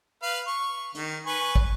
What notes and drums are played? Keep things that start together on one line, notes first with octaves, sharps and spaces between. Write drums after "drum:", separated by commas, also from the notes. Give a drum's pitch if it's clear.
B4 F5
C#6
D#3, drum: hi-hat
B4 G#5 C#6
drum: kick